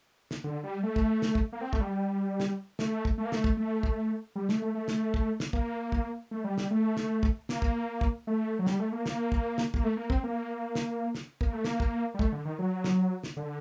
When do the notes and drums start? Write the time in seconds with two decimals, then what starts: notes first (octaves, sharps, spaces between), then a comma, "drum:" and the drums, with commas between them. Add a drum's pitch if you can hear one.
0.31 drum: snare
0.44 D3
0.64 G3
0.83 A3
0.96 drum: kick
1.22 drum: snare
1.35 drum: kick
1.53 A#3
1.61 C4
1.73 A3, drum: kick
1.81 G3
2.40 drum: snare
2.79 A3, drum: snare
3.05 drum: kick
3.18 A3
3.25 A#3
3.32 A3, drum: snare
3.44 drum: kick
3.57 A3
3.83 drum: kick
4.36 G3
4.49 A3, drum: snare
4.62 A3
4.75 A3
4.88 drum: snare
5.14 drum: kick
5.40 drum: snare
5.53 A#3, drum: kick
5.92 drum: kick
6.31 A3
6.44 G3
6.58 G3, drum: snare
6.71 A3
6.97 drum: snare
7.23 drum: kick
7.49 A#3, drum: snare
7.62 drum: kick
8.01 drum: kick
8.27 A3
8.59 F#3
8.67 G3, drum: snare
8.80 A3
8.92 A#3
9.06 A#3, drum: snare
9.32 drum: kick
9.58 drum: snare
9.74 A#3, drum: kick
9.84 A3
9.97 A#3
10.10 C4, drum: kick
10.23 A#3
10.75 drum: snare
11.15 drum: snare
11.41 A#3, drum: kick
11.53 A3
11.64 A#3, drum: snare
11.80 drum: kick
12.14 G3
12.19 A3, drum: kick
12.32 D3
12.45 D#3
12.59 F#3
12.84 drum: snare
13.23 drum: snare
13.37 D3